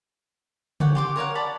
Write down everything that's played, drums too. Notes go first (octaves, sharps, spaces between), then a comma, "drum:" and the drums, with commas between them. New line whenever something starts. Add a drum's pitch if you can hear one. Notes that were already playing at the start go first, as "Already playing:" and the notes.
G4 C#5 F#5, drum: tom C#3
G4 C6 D6
A#4 C#5 F5 F#5
D5 A5 B5